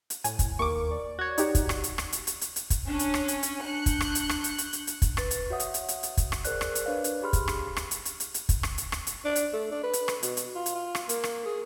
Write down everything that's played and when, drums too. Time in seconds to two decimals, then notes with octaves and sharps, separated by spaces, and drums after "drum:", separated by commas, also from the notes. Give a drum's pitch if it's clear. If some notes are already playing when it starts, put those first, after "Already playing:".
0.10 drum: hi-hat
0.24 A2 G#5, drum: hi-hat
0.39 drum: kick, hi-hat
0.59 D#2 A#4 C#6 D6
0.91 D5
1.19 F#4 C#5
1.38 D#4 G4, drum: hi-hat
1.55 drum: kick, hi-hat
1.69 drum: rim click
1.84 drum: hi-hat
1.98 drum: rim click
2.13 drum: hi-hat
2.27 drum: hi-hat
2.41 drum: hi-hat
2.56 drum: hi-hat
2.70 drum: kick, hi-hat
2.88 C#4 D4
2.99 drum: hi-hat
3.14 drum: rim click
3.28 drum: hi-hat
3.43 drum: hi-hat
3.65 D4 F#6 G6 C#7
3.86 drum: kick, hi-hat
4.01 drum: rim click
4.15 drum: hi-hat
4.29 drum: rim click
4.44 drum: hi-hat
4.58 drum: hi-hat
4.73 drum: hi-hat
4.87 drum: hi-hat
5.02 drum: kick, hi-hat
5.17 B4 A6, drum: rim click
5.31 drum: hi-hat
5.50 F#4 C#5 E5 F#5 D#6
5.60 drum: hi-hat
5.74 drum: hi-hat
5.89 drum: hi-hat
6.03 drum: hi-hat
6.17 drum: kick, hi-hat
6.32 drum: rim click
6.44 G#4 A#4 C5 D5 F#6, drum: hi-hat
6.61 drum: rim click
6.75 drum: hi-hat
6.86 D4 B4 C#5 D5 F5
7.04 drum: hi-hat
7.22 G4 G#4 B5 C6 F6
7.33 drum: kick, hi-hat
7.48 drum: rim click
7.77 drum: rim click
7.91 drum: hi-hat
8.05 drum: hi-hat
8.20 drum: hi-hat
8.34 drum: hi-hat
8.49 drum: kick, hi-hat
8.63 drum: rim click
8.78 drum: hi-hat
8.92 drum: rim click
9.07 drum: hi-hat
9.25 D4
9.36 drum: hi-hat
9.53 A3
9.72 D4
9.84 B4
9.93 drum: hi-hat
10.08 drum: rim click
10.23 B2, drum: hi-hat
10.37 drum: hi-hat
10.56 F4
10.66 drum: hi-hat
10.75 F4
10.95 drum: rim click
11.09 A#3, drum: hi-hat
11.24 drum: rim click
11.46 G#4